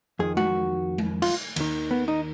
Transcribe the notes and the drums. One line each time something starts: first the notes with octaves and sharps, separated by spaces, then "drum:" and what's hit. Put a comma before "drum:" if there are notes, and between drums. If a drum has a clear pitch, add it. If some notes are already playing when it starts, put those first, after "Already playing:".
F2 D#3 G#4
F#4, drum: tom G#3
drum: tom G#3
F4, drum: cymbal
D#2 D#3, drum: cymbal
B3
D#4